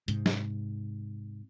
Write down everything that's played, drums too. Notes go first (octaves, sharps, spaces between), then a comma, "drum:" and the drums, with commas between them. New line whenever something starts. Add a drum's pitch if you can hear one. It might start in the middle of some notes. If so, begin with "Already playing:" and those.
G#2 C3, drum: hi-hat
drum: snare